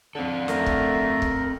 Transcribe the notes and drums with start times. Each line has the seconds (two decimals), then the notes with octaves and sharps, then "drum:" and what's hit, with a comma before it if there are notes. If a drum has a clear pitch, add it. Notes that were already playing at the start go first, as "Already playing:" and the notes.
0.15 D3 C4 A4
0.48 A3 A#4, drum: snare
0.66 drum: kick
1.22 drum: kick